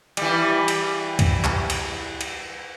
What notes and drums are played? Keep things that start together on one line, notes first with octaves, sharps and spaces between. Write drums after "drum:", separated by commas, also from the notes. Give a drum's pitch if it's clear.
E3 G3, drum: cymbal
drum: cymbal
drum: kick C2, cymbal
drum: clap
drum: cymbal
drum: cymbal